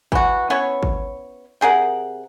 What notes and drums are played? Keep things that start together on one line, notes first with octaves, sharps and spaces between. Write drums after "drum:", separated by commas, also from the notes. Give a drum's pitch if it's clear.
E3 F#4, drum: kick
B3 C#4 E4 C#5
drum: kick
C3 G#4 A#4 F#5